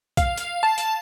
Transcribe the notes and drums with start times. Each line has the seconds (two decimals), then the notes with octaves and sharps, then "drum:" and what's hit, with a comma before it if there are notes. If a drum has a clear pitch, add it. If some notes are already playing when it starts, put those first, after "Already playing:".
0.17 F5, drum: kick B1, hi-hat
0.37 drum: hi-hat
0.63 A5
0.78 drum: hi-hat